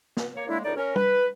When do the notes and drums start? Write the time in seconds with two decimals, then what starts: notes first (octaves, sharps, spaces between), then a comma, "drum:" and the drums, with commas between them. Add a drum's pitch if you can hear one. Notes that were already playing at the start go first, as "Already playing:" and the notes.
0.17 drum: snare
0.35 A#3 C#5
0.49 A2 D3 G#3 A#3 D4 E4
0.64 C#2 A2 D#4 A#4 D5
0.76 C#4 A#4
0.96 B4, drum: tom